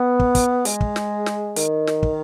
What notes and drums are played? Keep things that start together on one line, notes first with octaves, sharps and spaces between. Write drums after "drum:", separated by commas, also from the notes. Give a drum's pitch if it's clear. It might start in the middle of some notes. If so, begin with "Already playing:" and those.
Already playing: B3
drum: kick
drum: kick, hi-hat
G#3, drum: hi-hat
drum: kick
drum: snare
drum: snare
D#3, drum: hi-hat
drum: snare
drum: kick